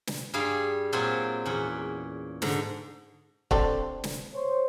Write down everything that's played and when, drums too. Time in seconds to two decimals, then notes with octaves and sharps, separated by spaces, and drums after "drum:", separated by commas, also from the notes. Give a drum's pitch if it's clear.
0.07 drum: snare
0.33 G2 G3 G#4 F5
0.93 A#2 F#3 C4 F4 G#5
1.45 E2 A#2 C#4 F#5
2.42 G#2 D3 A#5, drum: snare
3.51 D3 C4 A4, drum: kick
4.04 drum: snare
4.34 C5 C#5